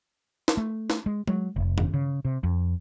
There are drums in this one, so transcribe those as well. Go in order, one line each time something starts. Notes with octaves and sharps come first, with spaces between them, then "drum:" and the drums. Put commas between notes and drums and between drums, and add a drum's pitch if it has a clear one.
drum: snare
A3
drum: snare
G#3
F#3, drum: tom G#3
F1
drum: tom
C#3
C3
F2